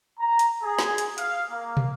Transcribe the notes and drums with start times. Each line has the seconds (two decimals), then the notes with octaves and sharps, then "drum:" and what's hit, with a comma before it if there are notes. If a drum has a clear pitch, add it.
0.20 A#5
0.39 drum: hi-hat
0.63 G#4
0.79 drum: snare
0.98 drum: hi-hat
1.18 F5, drum: hi-hat
1.51 A#3
1.77 drum: tom